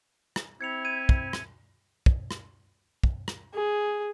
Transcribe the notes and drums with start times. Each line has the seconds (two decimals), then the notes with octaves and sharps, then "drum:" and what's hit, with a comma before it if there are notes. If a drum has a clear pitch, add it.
0.36 drum: rim click
0.61 C4 E4 G#6 C#7 F7
0.85 G#6 D#7
1.09 drum: kick
1.33 drum: rim click
2.06 drum: kick
2.31 drum: rim click
3.03 drum: kick
3.28 drum: rim click
3.54 G#4